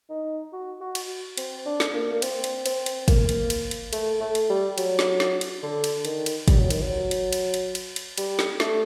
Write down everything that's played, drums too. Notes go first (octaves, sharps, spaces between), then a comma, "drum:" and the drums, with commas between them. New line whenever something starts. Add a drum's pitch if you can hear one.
D#4
F#4
F#4
drum: cymbal
C4, drum: cymbal
D4
drum: snare
A#3
A#3
C4, drum: cymbal
drum: cymbal
C4, drum: cymbal
drum: cymbal
A#3, drum: kick, cymbal
drum: cymbal
drum: cymbal
drum: cymbal
A3, drum: cymbal
A3
drum: cymbal
G3
F#3, drum: cymbal
drum: snare
drum: snare
drum: cymbal
D3
drum: cymbal
D#3, drum: cymbal
drum: cymbal
G3, drum: kick, cymbal
F#3
D#3, drum: cymbal
F#3
drum: cymbal
drum: cymbal
drum: cymbal
drum: cymbal
drum: cymbal
G3, drum: cymbal
drum: snare
A3, drum: snare